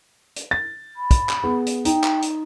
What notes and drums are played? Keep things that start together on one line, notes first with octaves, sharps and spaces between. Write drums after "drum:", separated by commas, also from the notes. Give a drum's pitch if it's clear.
drum: hi-hat
A6
B5
drum: kick, hi-hat
drum: clap
B3 G#4
drum: hi-hat
D#4 G5, drum: hi-hat
drum: clap
drum: hi-hat